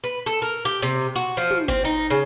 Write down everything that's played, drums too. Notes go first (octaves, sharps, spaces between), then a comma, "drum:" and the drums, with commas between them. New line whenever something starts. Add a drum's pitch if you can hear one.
B4
A4
A#4
G4
C3
F#4
F3
drum: tom
C4, drum: kick
D#4
C#3